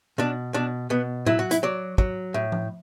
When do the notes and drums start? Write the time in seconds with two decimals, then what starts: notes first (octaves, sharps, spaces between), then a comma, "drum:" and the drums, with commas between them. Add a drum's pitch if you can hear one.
0.18 B2 D4
0.54 B2 D4
0.90 B2 B3
1.26 F#3 E4, drum: tom A2
1.39 F#4
1.51 E4, drum: hi-hat
1.63 F#3 D5
1.98 F#3, drum: kick
2.34 A2
2.52 drum: tom F3